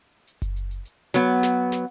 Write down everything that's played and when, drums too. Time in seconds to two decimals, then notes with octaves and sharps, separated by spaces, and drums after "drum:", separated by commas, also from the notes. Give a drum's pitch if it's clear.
0.27 drum: hi-hat
0.42 drum: kick F#1, hi-hat
0.56 drum: hi-hat
0.71 drum: hi-hat
0.85 drum: hi-hat
1.14 F#3 B3, drum: snare
1.29 drum: open hi-hat
1.43 drum: snare
1.72 drum: snare